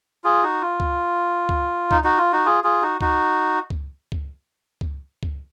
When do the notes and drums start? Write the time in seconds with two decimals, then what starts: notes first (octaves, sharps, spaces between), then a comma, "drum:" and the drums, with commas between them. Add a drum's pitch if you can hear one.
0.24 F4 G#4
0.43 D#4 F#4
0.62 F4
0.80 drum: kick C#2
1.49 drum: kick C#2
1.91 D#4, drum: kick C#2
2.04 D#4 F#4
2.18 F4
2.32 D#4 F#4
2.45 F4 G#4
2.64 F4 G#4
2.82 D#4 F#4
3.01 D#4 F#4, drum: kick C#2
3.70 drum: kick C#2
4.12 drum: kick C#2
4.81 drum: kick C#2
5.23 drum: kick C#2